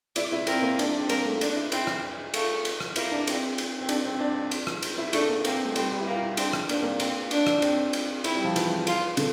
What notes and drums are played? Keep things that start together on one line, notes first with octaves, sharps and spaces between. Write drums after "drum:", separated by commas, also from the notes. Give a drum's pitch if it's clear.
E4 D5, drum: cymbal
E4
C4 A#4, drum: cymbal
A#3
D4, drum: cymbal
D4
C4
A#3 A#4, drum: cymbal
A3
D4, drum: cymbal
E4
C4 E4, drum: cymbal
drum: rim click
A3 F4, drum: cymbal
drum: cymbal
drum: rim click
A#3 E4, drum: cymbal
D4
C4, drum: cymbal
drum: cymbal
C4
D4, drum: cymbal
C4
D4
drum: cymbal
drum: rim click
drum: cymbal
E4
A3 D4, drum: cymbal
A#3
A#3 C4, drum: cymbal
A3
G3 C4, drum: cymbal
G3
E4
A#3 F4
E4
C4 D4, drum: cymbal
drum: rim click
A#3 D4, drum: cymbal
C4
A#3
A#3 C4, drum: cymbal
D4, drum: cymbal
drum: rim click
C4, drum: cymbal
drum: cymbal
C4 E4, drum: cymbal
G3
F3
E3, drum: cymbal
F4, drum: cymbal
D3, drum: cymbal